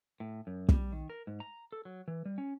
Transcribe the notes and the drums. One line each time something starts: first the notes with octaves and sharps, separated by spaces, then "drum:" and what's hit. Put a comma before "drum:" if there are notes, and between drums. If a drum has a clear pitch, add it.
A2
F#2
G3, drum: kick
D#3
A#4
G#2
A#5
A4
F#3
E3
G3
C#4